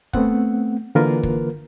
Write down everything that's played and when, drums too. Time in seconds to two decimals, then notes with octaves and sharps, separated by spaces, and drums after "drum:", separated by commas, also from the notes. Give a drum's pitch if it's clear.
0.13 A3 B3 C4 F#5, drum: kick
0.95 D3 E3 A#3 F4 A#4 B4
1.23 drum: kick